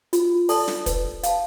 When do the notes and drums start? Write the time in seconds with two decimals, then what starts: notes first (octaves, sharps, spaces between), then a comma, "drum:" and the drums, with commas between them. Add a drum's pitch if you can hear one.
0.13 F4, drum: hi-hat
0.49 A4 D5 A5, drum: open hi-hat
0.68 drum: snare
0.86 B4, drum: kick, hi-hat
1.23 F5 A5, drum: hi-hat